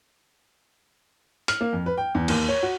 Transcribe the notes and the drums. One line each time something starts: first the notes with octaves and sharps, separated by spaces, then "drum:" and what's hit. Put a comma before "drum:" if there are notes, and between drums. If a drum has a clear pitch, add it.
F6, drum: hi-hat
A#3
F2
B4
G5
E2
D#2, drum: cymbal
C#5
F#4